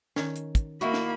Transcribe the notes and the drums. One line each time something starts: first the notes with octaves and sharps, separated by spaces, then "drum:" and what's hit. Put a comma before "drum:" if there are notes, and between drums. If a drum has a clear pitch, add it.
D#3 C#4, drum: snare
drum: hi-hat
drum: kick, hi-hat
A#3 D#4 E4 F#4 B5
drum: snare